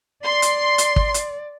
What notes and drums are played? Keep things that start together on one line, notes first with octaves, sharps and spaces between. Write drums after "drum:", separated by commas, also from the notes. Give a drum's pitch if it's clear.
D5 C6
drum: hi-hat
drum: hi-hat
drum: kick
drum: hi-hat